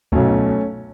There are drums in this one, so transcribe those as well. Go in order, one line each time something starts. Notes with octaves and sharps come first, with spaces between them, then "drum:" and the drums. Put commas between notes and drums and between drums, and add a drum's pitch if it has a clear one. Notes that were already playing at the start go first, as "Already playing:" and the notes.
B1 B2 F#3 A3 C#4, drum: kick C#2